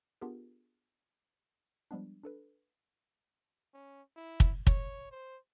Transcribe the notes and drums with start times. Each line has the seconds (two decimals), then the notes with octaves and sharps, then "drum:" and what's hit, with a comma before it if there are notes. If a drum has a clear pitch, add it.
0.21 B3 D4 F4 G4 G#4 A#4
1.91 F3 G3 G#3 B3 D4
2.23 D4 A4 B4
3.74 C#4
4.16 E4
4.40 drum: kick
4.67 C#5, drum: kick
5.11 C5